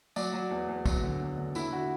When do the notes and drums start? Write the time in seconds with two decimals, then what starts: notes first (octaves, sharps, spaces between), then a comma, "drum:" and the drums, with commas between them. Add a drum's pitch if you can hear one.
0.16 F#3 D5, drum: tambourine
0.34 F#3
0.51 E2
0.68 E2
0.86 F#3, drum: kick, tambourine
1.03 D3
1.21 E2
1.38 D3
1.55 D3 E4, drum: tambourine
1.73 D3 F#4